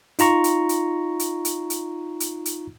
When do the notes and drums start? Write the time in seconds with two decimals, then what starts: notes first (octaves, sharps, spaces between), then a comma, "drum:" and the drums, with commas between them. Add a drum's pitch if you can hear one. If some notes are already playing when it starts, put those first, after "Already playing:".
0.19 D#4 F4 A#5 C#6, drum: hi-hat
0.44 drum: hi-hat
0.69 drum: hi-hat
1.19 drum: hi-hat
1.45 drum: hi-hat
1.70 drum: hi-hat
2.20 drum: hi-hat
2.46 drum: hi-hat